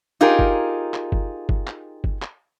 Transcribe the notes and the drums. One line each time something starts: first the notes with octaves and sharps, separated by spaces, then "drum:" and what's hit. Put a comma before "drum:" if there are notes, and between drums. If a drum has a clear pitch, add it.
D#4 F4 G4 G#4 A#4
drum: kick G1
drum: clap
drum: kick G1
drum: kick G1
drum: clap
drum: kick G1
drum: clap